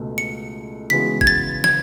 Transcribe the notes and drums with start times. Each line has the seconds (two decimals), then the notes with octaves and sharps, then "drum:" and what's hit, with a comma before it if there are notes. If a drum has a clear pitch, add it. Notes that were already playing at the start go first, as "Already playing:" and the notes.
Already playing: C#2 B2 A3
0.18 C#7
0.90 C#3 E3 G#3 B3 F#4 B6
1.21 G#6, drum: kick
1.27 A6
1.64 G#6, drum: snare